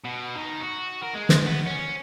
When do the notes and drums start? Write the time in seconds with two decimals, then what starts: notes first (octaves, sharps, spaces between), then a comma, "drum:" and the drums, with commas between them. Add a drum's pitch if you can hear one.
0.04 B2
0.35 D#3
0.61 F#4
1.03 A#4
1.15 G#3
1.29 drum: snare
1.46 B3
1.67 C#4